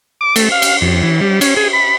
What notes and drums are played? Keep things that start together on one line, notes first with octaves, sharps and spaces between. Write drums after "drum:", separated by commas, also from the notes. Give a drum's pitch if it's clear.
D6
A3, drum: cymbal
F5
drum: cymbal
F2
E3
G3
C#4, drum: cymbal
G#4
B5